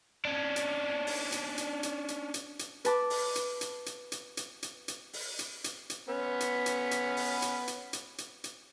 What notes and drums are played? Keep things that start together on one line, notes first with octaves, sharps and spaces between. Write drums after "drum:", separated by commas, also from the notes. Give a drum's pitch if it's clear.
C#4 D4
drum: hi-hat
drum: open hi-hat
drum: hi-hat
drum: hi-hat
drum: hi-hat
drum: hi-hat
drum: hi-hat
drum: hi-hat
B4 A5 D6, drum: hi-hat
drum: open hi-hat
drum: hi-hat
drum: hi-hat
drum: hi-hat
drum: hi-hat
drum: hi-hat
drum: hi-hat
drum: hi-hat
drum: open hi-hat
drum: hi-hat
drum: hi-hat
drum: hi-hat
B3 C#4 B4
drum: hi-hat
drum: hi-hat
drum: hi-hat
drum: open hi-hat
drum: hi-hat
drum: hi-hat
drum: hi-hat
drum: hi-hat
drum: hi-hat